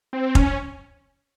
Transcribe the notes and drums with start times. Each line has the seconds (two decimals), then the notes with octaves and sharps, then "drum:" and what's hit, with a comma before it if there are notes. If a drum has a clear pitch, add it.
0.13 C4
0.35 C#4, drum: kick